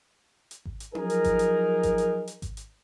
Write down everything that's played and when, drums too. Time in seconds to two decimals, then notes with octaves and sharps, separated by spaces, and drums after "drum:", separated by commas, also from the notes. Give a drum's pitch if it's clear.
0.51 drum: hi-hat
0.66 drum: kick G#1
0.80 drum: hi-hat
0.95 F3 F#3 D#4 G#4 A#4, drum: tom C#4
1.10 drum: hi-hat
1.24 drum: kick G#1, hi-hat
1.39 drum: hi-hat
1.83 drum: kick G#1, hi-hat
1.98 drum: hi-hat
2.27 drum: hi-hat
2.42 drum: kick G#1, hi-hat
2.57 drum: hi-hat